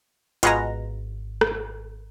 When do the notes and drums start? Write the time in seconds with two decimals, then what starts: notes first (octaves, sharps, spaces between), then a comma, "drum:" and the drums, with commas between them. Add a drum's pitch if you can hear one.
0.43 G#1 B2 G#3 F4 F#5 G#5 A#5, drum: hi-hat
1.41 drum: rim click